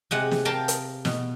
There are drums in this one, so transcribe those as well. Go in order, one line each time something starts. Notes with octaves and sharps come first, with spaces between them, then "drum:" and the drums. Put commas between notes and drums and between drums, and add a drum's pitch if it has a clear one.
C3 G#3 F#5
drum: snare
A#4 F5 G5 A5
drum: hi-hat
B2, drum: snare